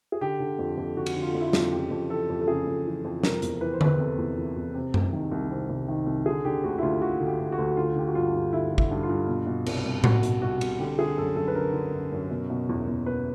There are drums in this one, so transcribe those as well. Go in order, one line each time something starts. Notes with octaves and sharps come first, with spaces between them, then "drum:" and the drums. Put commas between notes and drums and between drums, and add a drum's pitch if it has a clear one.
G#4
D3 G4
D3
F2
F2
D3 F#4
drum: cymbal
D3
F4
F2
E4
F4
F2, drum: snare
C#3 G4
F2
E3 A4
F2
A4
C#3 G#4
F2
E3
F2
C3 A#4, drum: snare
E2, drum: hi-hat
E3 B4
C5
E2 B4, drum: tom D3
C3 A4
E2
E3
E2
C3
C2, drum: tom F#2
D#3
C2
C3
C2
D#3
C2
D3 G#4
D3 G4
D2 F#4
E4
D2 F4
D3 F#4
D3
G4
D2
F#4
D2
D3 F4
D3 G4
F#4
G2 F4
G2
D3 E4
D3
E4, drum: kick
G2
F4
G2
B2
B2
C2, drum: cymbal
C2
B2 F#4, drum: tom A2
B2, drum: hi-hat
C2 F#4
C2, drum: cymbal
D3 G4
D3 G#4
F#2 A4
F#2 A4
B4
D3 A#4
D3
F#2
F#2
B2
B2
E2
E2
B2 B4